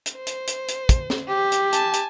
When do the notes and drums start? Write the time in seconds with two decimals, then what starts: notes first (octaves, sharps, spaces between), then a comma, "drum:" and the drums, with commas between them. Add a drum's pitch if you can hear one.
0.06 drum: hi-hat
0.16 C5
0.27 drum: hi-hat
0.47 drum: hi-hat
0.68 drum: hi-hat
0.89 drum: kick, hi-hat
1.10 drum: snare
1.28 G4
1.52 drum: hi-hat
1.73 G#5 A5, drum: hi-hat
1.93 drum: hi-hat